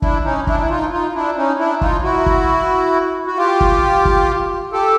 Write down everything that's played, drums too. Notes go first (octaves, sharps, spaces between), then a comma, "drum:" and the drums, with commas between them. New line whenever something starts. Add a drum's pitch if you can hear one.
D4 E4, drum: kick
C#4 D#4
D4 E4, drum: kick
E4
D#4 F4
D#4 F4
D4 E4
C#4 D#4
D4 E4
D#4 F4, drum: kick
E4 F#4
drum: kick
F#4
F4 G4
drum: kick
drum: kick
G4 A4